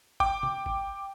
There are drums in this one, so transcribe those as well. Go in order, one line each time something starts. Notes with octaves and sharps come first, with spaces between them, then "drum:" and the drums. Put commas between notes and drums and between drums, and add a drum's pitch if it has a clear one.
G5 D6, drum: kick G1
drum: tom
drum: kick G1